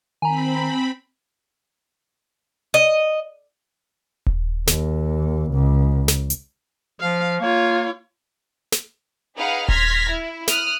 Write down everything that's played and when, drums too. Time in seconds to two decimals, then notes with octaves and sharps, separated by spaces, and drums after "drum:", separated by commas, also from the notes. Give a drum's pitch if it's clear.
0.22 D#3 C4 G#5 A#5 B5
2.74 D#5
4.26 drum: kick D#1
4.67 D#2, drum: snare
5.51 C#2
6.08 drum: snare
6.30 drum: hi-hat
7.01 F3 F5
7.41 A#3 F4 C#5
8.72 drum: snare
9.35 D#4 G#4 B4 F5 F#5
9.68 C6 F6 G#6 A#6 B6, drum: kick D#1
10.08 E4
10.48 D#6 F6 F#6, drum: snare